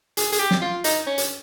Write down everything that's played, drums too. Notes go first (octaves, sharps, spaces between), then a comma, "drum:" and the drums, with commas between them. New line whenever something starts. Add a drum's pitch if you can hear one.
G#4, drum: hi-hat
G#4, drum: hi-hat
G4
drum: snare
F4
D#4, drum: hi-hat
C#4
drum: hi-hat